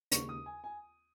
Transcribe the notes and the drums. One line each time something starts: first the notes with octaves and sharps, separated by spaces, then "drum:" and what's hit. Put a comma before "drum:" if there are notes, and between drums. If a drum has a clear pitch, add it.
D#2 C#3 G#3 C#6, drum: hi-hat
D#6
G#5
G#5